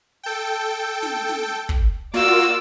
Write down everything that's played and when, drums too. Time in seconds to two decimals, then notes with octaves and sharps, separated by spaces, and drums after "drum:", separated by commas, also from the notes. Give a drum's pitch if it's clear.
0.24 A4 G5
1.03 drum: snare
1.29 drum: snare
1.69 drum: kick
2.14 A#3 F4 F#4 D5 E6